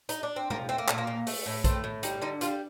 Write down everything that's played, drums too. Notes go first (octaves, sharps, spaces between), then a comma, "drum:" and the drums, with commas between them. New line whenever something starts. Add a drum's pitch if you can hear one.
D#4, drum: hi-hat
D4
C4
F3 A#3, drum: tom B2
A3 C4
A#3
A#2 A3, drum: clap
A#3
A#2
A3, drum: open hi-hat
A2
A3 C4, drum: kick A#1, hi-hat
A2
G3 D#4, drum: hi-hat
D3 D#4
G3 F4, drum: hi-hat